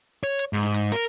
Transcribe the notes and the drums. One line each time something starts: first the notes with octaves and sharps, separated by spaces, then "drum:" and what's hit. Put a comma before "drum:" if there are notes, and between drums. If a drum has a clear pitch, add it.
C#5
drum: hi-hat
G#2
drum: hi-hat
A#4, drum: hi-hat